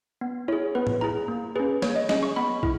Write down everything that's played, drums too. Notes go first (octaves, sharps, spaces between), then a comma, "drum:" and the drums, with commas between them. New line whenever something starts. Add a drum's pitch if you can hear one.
B3
E4 G#4 C#5
B3 B4
drum: tom
E4 G#4 A#5
A#3
C#4 G#4 B4
A#3 C#5, drum: snare
D#5
C#4 G#4 D#5, drum: snare
C#6
B3 B5
E4, drum: kick